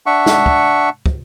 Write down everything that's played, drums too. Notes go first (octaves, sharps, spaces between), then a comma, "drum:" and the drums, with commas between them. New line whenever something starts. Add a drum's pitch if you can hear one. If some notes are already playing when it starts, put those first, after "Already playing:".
D4 E5 F#5 C#6
drum: snare
drum: kick
drum: kick